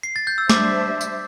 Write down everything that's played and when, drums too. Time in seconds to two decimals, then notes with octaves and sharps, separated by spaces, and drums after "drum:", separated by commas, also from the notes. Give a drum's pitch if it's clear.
0.03 C7
0.16 A6
0.27 G6
0.38 E6
0.50 G3 D4 C5 E5 D6, drum: snare
1.01 drum: tambourine